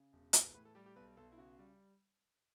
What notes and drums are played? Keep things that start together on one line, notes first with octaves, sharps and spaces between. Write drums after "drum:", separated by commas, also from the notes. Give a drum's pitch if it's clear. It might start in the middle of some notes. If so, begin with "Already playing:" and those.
Already playing: C#3
E1
E3, drum: hi-hat
A2 B4
A4
G3 G4
G4
B1 B4
B1 A4
E4
C#3 F#4
G3